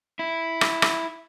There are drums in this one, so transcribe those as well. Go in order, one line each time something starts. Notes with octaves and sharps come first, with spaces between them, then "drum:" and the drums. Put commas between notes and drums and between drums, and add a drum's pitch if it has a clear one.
E4
drum: rim click
drum: rim click